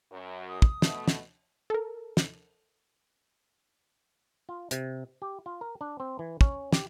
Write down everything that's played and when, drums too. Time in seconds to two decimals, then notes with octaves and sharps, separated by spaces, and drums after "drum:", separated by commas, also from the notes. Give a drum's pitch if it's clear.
0.11 F#2
0.48 D#6
0.62 drum: kick
0.82 B2 A3, drum: snare
1.08 drum: snare
1.70 A4 A#4
2.17 drum: snare
4.49 F4
4.71 C3, drum: hi-hat
5.22 G4
5.46 F4
5.61 A#4
5.81 D4
6.00 C4
6.19 E3
6.41 C#4, drum: kick
6.73 G4, drum: snare